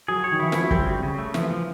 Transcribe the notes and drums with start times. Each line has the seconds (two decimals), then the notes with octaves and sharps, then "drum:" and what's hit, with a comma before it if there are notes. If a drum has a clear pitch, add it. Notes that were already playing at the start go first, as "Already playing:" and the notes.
0.08 F#3 G#4
0.24 C#5
0.32 D#3
0.40 E3 E4
0.52 F3 E4, drum: snare
0.62 F#3
0.71 G3 C4, drum: kick
0.87 C#3
1.03 C#3
1.19 A3
1.34 E3 F3, drum: snare
1.50 F3